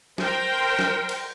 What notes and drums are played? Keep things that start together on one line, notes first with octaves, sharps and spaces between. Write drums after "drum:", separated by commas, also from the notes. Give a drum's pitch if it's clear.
A#4 C5 G5, drum: snare
drum: snare
drum: cymbal